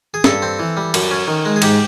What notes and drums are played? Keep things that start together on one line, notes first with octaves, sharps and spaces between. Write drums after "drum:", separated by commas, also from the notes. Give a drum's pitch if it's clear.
G#4
G2 A4, drum: snare
C4
E3
G3
F#2, drum: cymbal
C#4
D#3
G#3
G#4
G#2 G4, drum: cymbal